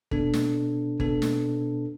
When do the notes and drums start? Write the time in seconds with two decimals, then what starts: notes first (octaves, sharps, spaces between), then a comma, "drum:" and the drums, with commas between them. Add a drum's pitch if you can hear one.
0.11 B2 B3 D4 A4, drum: kick G1
0.33 drum: snare
1.00 B2 B3 D4 A4, drum: kick G1
1.22 drum: snare